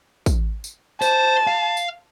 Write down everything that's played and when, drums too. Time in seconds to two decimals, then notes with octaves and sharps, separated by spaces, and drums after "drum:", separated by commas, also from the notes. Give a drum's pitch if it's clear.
0.26 drum: kick, tambourine
0.64 drum: tambourine
1.02 C5 A5, drum: tambourine
1.47 F5
1.77 drum: tambourine